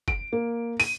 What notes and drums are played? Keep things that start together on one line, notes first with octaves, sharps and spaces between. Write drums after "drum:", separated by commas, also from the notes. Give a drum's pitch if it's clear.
D7, drum: kick F#1
A#3
D#7, drum: open hi-hat